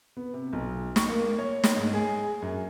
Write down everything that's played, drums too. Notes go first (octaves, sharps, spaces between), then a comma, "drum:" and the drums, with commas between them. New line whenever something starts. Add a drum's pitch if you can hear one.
B3
C3
B1
C#6, drum: snare
A#3
C#5
drum: snare
G#2
G#4
F#2